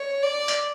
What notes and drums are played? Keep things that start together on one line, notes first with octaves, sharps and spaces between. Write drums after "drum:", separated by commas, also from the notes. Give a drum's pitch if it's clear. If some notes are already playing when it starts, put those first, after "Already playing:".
Already playing: C#5
D5
drum: hi-hat